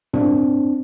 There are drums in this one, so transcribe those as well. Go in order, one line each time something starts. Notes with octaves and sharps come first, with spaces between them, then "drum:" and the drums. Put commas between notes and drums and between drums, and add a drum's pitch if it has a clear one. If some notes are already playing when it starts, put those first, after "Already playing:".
C4 D4, drum: tom